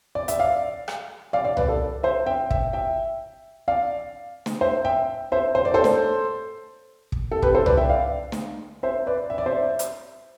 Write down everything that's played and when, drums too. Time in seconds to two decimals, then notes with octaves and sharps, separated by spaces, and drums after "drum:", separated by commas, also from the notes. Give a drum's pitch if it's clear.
0.15 D5
0.28 E5, drum: hi-hat
0.39 D5 F5
0.88 drum: rim click
1.33 D5 F5
1.44 D5 F5
1.57 B4 D5, drum: tom C2
1.68 A4
2.03 C5 E5
2.26 E5 G5
2.50 E5 G5, drum: kick
2.73 E5 G5
3.68 D5 F5
4.46 drum: snare
4.61 C5 E5
4.85 E5 G5
5.32 C5 E5
5.55 C5
5.65 D5
5.74 A4 C5
5.84 drum: snare
7.12 drum: kick
7.32 A4
7.42 G4 B4, drum: kick
7.55 A4 C5
7.66 B4 D5, drum: tom C2
7.77 E5 G5
7.89 D5 F5
8.32 drum: snare
8.83 C5 E5
9.07 B4 D5
9.30 E5
9.38 D5
9.46 C5 E5
9.79 drum: hi-hat